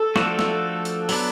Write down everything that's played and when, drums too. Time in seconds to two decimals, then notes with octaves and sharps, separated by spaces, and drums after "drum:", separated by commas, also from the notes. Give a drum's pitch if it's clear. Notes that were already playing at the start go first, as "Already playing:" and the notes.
Already playing: A4
0.16 F3 A3 D4 F#4, drum: snare
0.39 drum: snare
0.85 drum: hi-hat
1.09 F#3 B3 D4, drum: open hi-hat